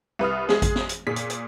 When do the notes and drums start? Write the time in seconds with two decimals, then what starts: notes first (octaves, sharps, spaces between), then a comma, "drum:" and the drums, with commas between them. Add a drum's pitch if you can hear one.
0.19 C2 B4 D#6 F6
0.49 G#3 G#4, drum: snare
0.62 drum: kick G#1, hi-hat
0.76 drum: snare
0.89 drum: hi-hat
1.07 A#2 G#4 B6
1.16 drum: hi-hat
1.30 drum: hi-hat